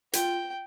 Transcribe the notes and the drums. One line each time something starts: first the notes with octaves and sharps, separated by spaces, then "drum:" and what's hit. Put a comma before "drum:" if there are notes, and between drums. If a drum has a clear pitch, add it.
F4 G5, drum: hi-hat